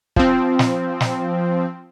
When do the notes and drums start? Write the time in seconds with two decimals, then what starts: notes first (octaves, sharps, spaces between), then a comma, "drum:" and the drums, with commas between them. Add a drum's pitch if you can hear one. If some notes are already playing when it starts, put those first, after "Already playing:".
0.16 F3 C4, drum: kick
0.59 drum: snare
1.00 drum: snare